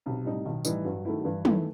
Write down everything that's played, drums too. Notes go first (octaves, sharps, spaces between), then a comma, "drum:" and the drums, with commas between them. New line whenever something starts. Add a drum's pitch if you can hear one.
B1 C3
A2 G3 D#4
B1 D#3
A2 E3 G3 D#4, drum: tambourine
G2 F#3
D#3 A3 E4
F#3
G2 E3
D#3 A3 E4, drum: tom